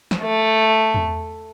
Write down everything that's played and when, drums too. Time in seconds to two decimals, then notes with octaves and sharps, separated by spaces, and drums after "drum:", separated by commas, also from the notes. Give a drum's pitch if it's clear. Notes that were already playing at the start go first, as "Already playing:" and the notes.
0.11 drum: snare
0.22 A3
0.94 drum: tom E2